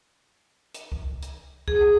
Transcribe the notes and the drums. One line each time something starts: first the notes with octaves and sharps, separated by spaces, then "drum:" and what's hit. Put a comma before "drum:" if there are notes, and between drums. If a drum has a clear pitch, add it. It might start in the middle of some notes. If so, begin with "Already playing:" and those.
drum: hi-hat
drum: kick C#2
drum: hi-hat
G#4, drum: kick C#2